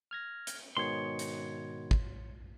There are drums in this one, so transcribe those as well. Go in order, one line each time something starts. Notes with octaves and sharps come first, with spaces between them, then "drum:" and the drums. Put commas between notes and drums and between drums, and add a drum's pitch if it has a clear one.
F6 G#6 A#6
drum: hi-hat
G#2 B2 D#3 C#5 C6
drum: hi-hat
drum: kick